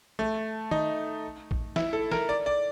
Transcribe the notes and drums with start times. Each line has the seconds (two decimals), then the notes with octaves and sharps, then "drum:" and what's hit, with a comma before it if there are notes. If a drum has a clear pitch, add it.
0.19 A3
0.71 D#4, drum: tom D#3
1.51 drum: kick A1
1.76 E4, drum: snare
1.93 A4
2.11 A#4, drum: snare
2.29 D5
2.46 D5